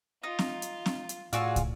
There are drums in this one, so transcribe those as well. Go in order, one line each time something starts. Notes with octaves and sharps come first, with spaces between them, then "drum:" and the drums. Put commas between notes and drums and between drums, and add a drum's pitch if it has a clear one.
D#4 F4
drum: snare C4
drum: hi-hat
drum: snare C4
drum: hi-hat
A2 F4 F#4 G#4 D5 E6, drum: hi-hat
drum: kick, hi-hat